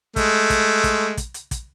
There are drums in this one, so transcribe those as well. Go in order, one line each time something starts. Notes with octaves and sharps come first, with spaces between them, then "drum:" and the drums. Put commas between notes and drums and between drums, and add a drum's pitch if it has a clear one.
G#3 A3, drum: kick, hi-hat
drum: kick, hi-hat
drum: kick, hi-hat
drum: kick, hi-hat
drum: hi-hat
drum: kick, hi-hat